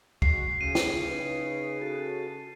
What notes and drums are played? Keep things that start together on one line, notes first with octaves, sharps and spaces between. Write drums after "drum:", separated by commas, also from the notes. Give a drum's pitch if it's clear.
G#3 F#4 C7, drum: kick
C#3 A3 D#7
drum: snare
D#4 B4
F#4 A4 A5